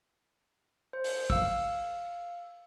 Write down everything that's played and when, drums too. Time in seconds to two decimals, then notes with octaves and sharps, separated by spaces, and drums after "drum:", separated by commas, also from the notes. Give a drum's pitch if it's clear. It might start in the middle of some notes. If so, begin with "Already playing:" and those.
0.93 C5
1.04 drum: open hi-hat
1.30 F5 E6, drum: kick